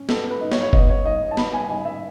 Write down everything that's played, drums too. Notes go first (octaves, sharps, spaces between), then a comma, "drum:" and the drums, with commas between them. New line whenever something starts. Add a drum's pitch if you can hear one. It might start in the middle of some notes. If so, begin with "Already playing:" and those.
Already playing: C#4
B3 A4, drum: snare
B4
D#4
C#5, drum: snare
C#5
B3 D#5, drum: kick F#1
C#5
D#4 D#5
A5
B3 B5, drum: snare
G#5
D#4 G#5
E5